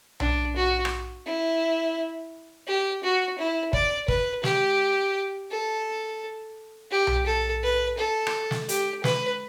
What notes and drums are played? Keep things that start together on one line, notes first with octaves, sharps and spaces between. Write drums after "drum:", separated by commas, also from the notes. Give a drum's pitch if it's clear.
D4, drum: tom B1
F#4
drum: rim click
E4
G4
F#4
E4
D5, drum: kick
B4, drum: kick
G4, drum: snare
A4
G4
drum: tom B1
A4
B4
A4
drum: rim click
drum: snare
G4, drum: hi-hat
B4, drum: snare